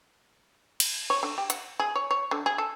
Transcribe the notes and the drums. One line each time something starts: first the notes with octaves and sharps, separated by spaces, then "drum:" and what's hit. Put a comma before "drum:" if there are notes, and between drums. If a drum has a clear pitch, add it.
drum: cymbal
C#5
D3
G4
F#5, drum: hi-hat
G#4
C#5
C#5
D3
G#4
A4